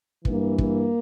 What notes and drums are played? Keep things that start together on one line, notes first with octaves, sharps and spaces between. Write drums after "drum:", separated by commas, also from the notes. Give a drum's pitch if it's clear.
G2 E3 A#3, drum: kick
A#3, drum: kick